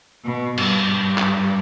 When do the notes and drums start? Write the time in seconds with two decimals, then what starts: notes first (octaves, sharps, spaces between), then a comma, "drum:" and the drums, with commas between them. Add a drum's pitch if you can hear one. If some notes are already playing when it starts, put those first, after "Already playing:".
0.25 B2
0.58 G2, drum: cymbal
1.18 drum: clap